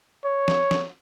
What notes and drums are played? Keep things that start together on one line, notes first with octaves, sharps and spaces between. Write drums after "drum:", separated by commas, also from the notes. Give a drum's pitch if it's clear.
C#5
drum: snare
drum: snare